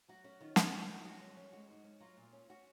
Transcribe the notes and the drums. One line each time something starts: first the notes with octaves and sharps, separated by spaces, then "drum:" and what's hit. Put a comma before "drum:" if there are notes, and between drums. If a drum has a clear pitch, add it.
F#3 F#4
C#4 F#4
D#3 F4
D#3 F4, drum: snare
D#3
F#3
G#3 F#4
C#4
C#4
G#3 F#4
G#2
C#4
F#3 F4
A#2
C#4
C#4 F#4